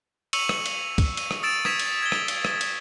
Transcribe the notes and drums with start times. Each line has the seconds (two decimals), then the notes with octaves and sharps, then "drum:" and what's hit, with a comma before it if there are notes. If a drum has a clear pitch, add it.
0.33 C#6 E6 C#7 D#7 F7 F#7, drum: cymbal
0.49 drum: rim click
0.66 drum: cymbal
0.98 drum: kick, cymbal
1.17 D#7, drum: cymbal
1.31 drum: rim click
1.43 D#6 E6 A6 D7 E7
1.65 D#6 G#6 B6 E7, drum: rim click
1.80 drum: cymbal
2.02 G#6 G7
2.12 drum: rim click
2.28 drum: cymbal
2.45 drum: rim click
2.61 drum: cymbal